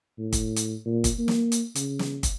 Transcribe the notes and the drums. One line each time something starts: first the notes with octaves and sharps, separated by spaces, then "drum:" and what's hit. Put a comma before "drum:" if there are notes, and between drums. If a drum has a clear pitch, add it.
A2
drum: kick, hi-hat
drum: hi-hat
A#2
drum: kick, hi-hat
A#3
drum: snare
drum: hi-hat
C#3, drum: hi-hat
drum: snare
drum: kick, hi-hat